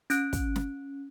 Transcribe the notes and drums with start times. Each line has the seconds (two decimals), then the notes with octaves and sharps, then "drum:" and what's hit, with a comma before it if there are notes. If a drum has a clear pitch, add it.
0.10 C#4 F#6 D7, drum: hi-hat
0.33 drum: kick, hi-hat
0.56 drum: snare